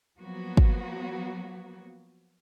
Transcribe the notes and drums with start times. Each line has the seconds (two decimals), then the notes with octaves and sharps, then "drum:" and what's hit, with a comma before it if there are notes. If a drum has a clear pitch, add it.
0.19 F3 F#3 A#3 B3 F#4
0.57 drum: kick